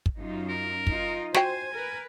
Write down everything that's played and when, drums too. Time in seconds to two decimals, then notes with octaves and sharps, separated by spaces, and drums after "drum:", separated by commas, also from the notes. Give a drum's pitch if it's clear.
0.06 drum: kick
0.18 F#2 D#4 F4
0.49 A#4
0.87 D#4 F4, drum: kick
1.34 F#4 C5 G5 G#5, drum: snare
1.73 A#4 B4